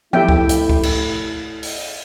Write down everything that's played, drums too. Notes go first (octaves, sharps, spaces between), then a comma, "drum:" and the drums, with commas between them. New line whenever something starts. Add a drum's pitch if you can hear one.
A3 E4 G4 E5 G5, drum: tom F3
drum: kick C#2
drum: hi-hat
drum: kick C#2
drum: cymbal
drum: open hi-hat